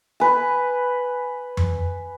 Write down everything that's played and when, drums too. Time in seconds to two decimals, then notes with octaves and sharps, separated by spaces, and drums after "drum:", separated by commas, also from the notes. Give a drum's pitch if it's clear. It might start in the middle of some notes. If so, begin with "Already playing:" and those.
0.20 B4 G#5
1.57 drum: tom F2